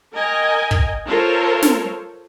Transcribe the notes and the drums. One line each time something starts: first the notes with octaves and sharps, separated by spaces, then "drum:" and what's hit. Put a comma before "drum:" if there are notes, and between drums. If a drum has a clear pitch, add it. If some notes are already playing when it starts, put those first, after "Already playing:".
A#4 D#5 G5 G#5
drum: kick
F4 A4 A#4 C5 C#5
drum: snare